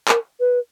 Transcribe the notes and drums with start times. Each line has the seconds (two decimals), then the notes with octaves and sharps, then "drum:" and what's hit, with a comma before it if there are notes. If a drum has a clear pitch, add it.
0.08 A#4, drum: clap
0.40 B4